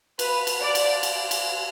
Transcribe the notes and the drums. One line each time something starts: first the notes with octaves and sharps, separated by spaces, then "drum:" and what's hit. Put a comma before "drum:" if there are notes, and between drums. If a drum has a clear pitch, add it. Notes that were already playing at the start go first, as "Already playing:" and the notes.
B4, drum: cymbal
drum: cymbal
D5
drum: cymbal
drum: cymbal
drum: cymbal